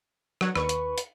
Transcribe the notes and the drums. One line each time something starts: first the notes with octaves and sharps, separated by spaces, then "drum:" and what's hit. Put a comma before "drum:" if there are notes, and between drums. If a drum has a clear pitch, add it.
F#3 F#4 C#5, drum: rim click
D#2 B4 C#6, drum: rim click
drum: hi-hat
drum: hi-hat